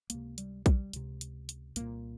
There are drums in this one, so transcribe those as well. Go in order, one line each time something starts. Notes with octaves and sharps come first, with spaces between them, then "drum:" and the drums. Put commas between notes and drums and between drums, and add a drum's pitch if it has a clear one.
C#2 C3 A#3, drum: hi-hat
G3, drum: hi-hat
G3, drum: kick A#1, hi-hat
C#2 C3, drum: hi-hat
drum: hi-hat
drum: hi-hat
C2 A#2 A#3, drum: hi-hat